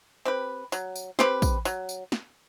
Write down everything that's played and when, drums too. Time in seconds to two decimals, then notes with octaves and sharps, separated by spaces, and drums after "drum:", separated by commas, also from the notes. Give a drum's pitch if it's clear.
0.25 C4 G4 B4
0.72 F#3, drum: tambourine
0.96 drum: tambourine
1.19 C4 G4 B4, drum: snare
1.42 drum: kick, tambourine
1.65 F#3, drum: tambourine
1.89 drum: tambourine
2.12 drum: snare